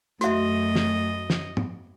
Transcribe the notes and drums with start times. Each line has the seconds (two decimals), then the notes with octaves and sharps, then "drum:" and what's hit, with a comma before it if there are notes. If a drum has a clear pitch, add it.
0.21 F#2 A3 F#4 D#5 E5, drum: hi-hat
0.75 drum: snare
1.30 drum: snare
1.57 drum: tom